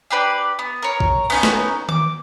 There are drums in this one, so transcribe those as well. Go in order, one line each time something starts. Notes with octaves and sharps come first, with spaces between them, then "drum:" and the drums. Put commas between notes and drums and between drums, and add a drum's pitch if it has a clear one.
D4 G4 B4 D5
B3
A#4 C#5
drum: kick
B3 C#4 D#4, drum: cymbal
drum: snare
D6, drum: tom D#3